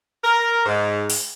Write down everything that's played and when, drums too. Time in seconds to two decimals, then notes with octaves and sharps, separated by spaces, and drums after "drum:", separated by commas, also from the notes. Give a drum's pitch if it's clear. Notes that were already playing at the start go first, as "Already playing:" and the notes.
0.23 A#4
0.65 G#2
1.10 drum: open hi-hat